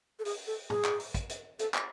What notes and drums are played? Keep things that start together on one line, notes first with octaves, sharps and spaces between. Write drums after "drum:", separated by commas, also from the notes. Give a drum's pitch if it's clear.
A4
G#4, drum: open hi-hat
A4
G#4, drum: tom
drum: clap
drum: open hi-hat
drum: kick, hi-hat
drum: hi-hat
A4, drum: hi-hat
drum: clap